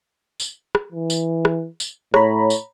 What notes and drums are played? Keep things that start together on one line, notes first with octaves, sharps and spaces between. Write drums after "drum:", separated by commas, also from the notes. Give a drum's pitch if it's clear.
drum: tambourine
drum: rim click
E3
drum: tambourine
drum: rim click
drum: tambourine
A2 C#5 A#5 B5, drum: rim click
drum: tambourine